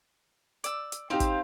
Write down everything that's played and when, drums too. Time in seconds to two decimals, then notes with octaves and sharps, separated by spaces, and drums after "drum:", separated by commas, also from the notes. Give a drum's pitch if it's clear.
0.64 D5 E6, drum: hi-hat
0.92 drum: hi-hat
1.10 C4 D#4 G4 C5 F5
1.20 drum: kick, hi-hat